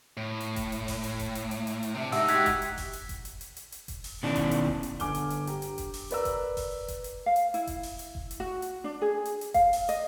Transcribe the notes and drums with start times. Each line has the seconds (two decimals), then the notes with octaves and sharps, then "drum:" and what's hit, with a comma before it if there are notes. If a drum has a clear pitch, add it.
0.17 A2
0.41 drum: hi-hat
0.56 drum: kick F1, hi-hat
0.72 drum: hi-hat
0.88 drum: kick F1, open hi-hat
1.04 drum: hi-hat
1.20 drum: kick F1, hi-hat
1.35 drum: hi-hat
1.51 drum: hi-hat
1.67 drum: hi-hat
1.83 drum: hi-hat
1.95 C3 D4 E5
2.12 G#2 D#4 G4 F#5 E6, drum: open hi-hat
2.28 F#4 G4 F#6 G#6 B6, drum: hi-hat
2.46 drum: kick F1, hi-hat
2.62 drum: hi-hat
2.78 drum: kick F1, open hi-hat
2.93 drum: hi-hat
3.09 drum: kick F1, hi-hat
3.25 drum: hi-hat
3.41 drum: hi-hat
3.57 drum: hi-hat
3.72 drum: hi-hat
3.88 drum: kick F1, hi-hat
4.04 drum: open hi-hat
4.23 B2 D#3 C#4 E4 D5 A5
4.36 drum: kick F1, hi-hat
4.51 drum: hi-hat
4.67 drum: kick F1
4.83 drum: hi-hat
5.00 G1 D3 G#5 D6 F6 G7, drum: kick F1, hi-hat
5.15 drum: hi-hat
5.30 drum: hi-hat
5.47 G4 A#5, drum: hi-hat
5.62 drum: hi-hat
5.78 drum: kick F1, hi-hat
5.94 drum: open hi-hat
6.11 A#4 B4 D5 A#5 E6, drum: hi-hat
6.25 drum: kick F1, hi-hat
6.57 drum: kick F1, open hi-hat
6.88 drum: kick F1, hi-hat
7.04 drum: hi-hat
7.26 F5
7.36 drum: hi-hat
7.54 E4, drum: hi-hat
7.67 drum: kick F1, hi-hat
7.83 drum: open hi-hat
7.99 drum: hi-hat
8.15 drum: kick F1
8.31 drum: hi-hat
8.40 F#4
8.62 drum: hi-hat
8.84 D4
9.02 G#4
9.25 drum: hi-hat
9.41 drum: hi-hat
9.54 F5, drum: kick F1, hi-hat
9.73 drum: open hi-hat
9.89 D#5, drum: hi-hat